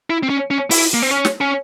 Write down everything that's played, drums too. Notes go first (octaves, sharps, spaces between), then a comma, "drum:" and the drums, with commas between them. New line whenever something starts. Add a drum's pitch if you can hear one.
E4
C4
C#4
C#4
E4, drum: open hi-hat
A#3
C4
C#4
drum: snare
C#4